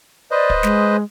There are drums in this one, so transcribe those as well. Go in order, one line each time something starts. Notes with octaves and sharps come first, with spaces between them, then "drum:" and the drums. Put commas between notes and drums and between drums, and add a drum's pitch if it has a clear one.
B4 C5 D5 D#5
drum: kick
G#3, drum: snare